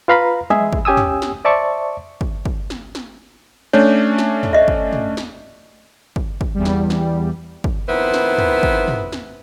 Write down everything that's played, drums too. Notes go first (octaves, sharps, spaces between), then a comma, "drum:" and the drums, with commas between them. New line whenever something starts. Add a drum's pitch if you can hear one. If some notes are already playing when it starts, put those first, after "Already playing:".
F4 B4 F5 A#5 B5
G#3 G#4 E5, drum: tom
drum: kick
C#4 G4 G#5 D#6 E6
drum: tom
drum: snare
C5 D5 E5 A5 C#6
drum: kick
drum: kick
drum: snare
drum: snare
A3 C#4 D4 C#5
drum: snare
drum: tom
D#5 E5
drum: kick
drum: tom
drum: snare
drum: kick
drum: kick
E2 G3
drum: snare
drum: snare
drum: kick
F2 D#3 B3 E4 B4 C5
drum: snare
drum: tom
drum: kick
drum: tom
drum: snare